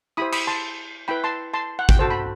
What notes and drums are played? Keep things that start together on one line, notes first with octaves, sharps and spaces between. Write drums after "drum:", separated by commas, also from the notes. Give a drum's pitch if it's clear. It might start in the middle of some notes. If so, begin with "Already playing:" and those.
E4 G4 C5 B5 D#6
B5 D#6, drum: cymbal
A5 C6
E4 B4 G5 B5
A5 C6
A5 C6
F#5
G5, drum: kick G#1
F#4 A4 C5 A5
B5